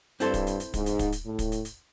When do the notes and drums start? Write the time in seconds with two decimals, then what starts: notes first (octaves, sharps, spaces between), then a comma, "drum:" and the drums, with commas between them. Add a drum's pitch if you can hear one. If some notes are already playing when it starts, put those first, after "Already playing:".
0.20 G2 C4 E4 A4 C5, drum: hi-hat
0.34 drum: kick, hi-hat
0.47 drum: hi-hat
0.60 drum: hi-hat
0.74 G#2, drum: kick, hi-hat
0.86 drum: hi-hat
0.99 drum: kick, hi-hat
1.12 drum: hi-hat
1.26 A2
1.39 drum: kick, hi-hat
1.52 drum: hi-hat
1.65 drum: hi-hat